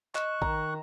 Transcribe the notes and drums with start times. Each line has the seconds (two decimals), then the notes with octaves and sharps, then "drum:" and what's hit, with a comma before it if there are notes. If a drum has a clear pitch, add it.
0.15 D#5 C#6 F#6, drum: clap
0.42 D#3 A#5, drum: kick